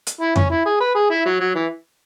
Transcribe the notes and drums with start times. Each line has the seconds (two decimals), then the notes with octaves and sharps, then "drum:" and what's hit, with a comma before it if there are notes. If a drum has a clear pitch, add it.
0.07 drum: hi-hat
0.21 E4
0.36 C#4, drum: tom F2
0.50 E4
0.66 G#4
0.80 B4
0.95 G#4
1.10 E4
1.25 F#3
1.40 F#3
1.55 E3